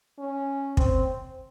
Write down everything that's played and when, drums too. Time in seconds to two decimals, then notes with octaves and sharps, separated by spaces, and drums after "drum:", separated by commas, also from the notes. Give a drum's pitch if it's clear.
0.19 C#4
0.77 C4, drum: kick